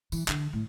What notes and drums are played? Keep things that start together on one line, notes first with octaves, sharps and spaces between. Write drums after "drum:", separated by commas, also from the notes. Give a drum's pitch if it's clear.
E3, drum: tambourine
D3, drum: clap
A2